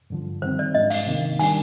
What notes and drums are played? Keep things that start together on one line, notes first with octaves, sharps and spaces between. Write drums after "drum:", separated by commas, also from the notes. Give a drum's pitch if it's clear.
G2 D3 F3
D#3 G3 C4 C5
D5
G#2 F3 G#3 D4 D#5
F5, drum: open hi-hat
C3 D#3 A#3
D#3 G3 D4 G#5, drum: open hi-hat